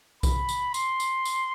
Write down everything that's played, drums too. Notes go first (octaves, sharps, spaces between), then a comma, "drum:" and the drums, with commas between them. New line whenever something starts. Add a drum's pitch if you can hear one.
B5, drum: kick B1, tambourine
drum: tambourine
C6, drum: tambourine
drum: tambourine
drum: tambourine